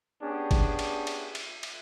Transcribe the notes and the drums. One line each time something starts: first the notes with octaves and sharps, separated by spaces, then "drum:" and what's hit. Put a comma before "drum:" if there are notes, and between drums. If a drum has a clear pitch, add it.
B3 C#4 D4 G4 G#4
drum: kick, cymbal
drum: cymbal
drum: cymbal
drum: cymbal
drum: cymbal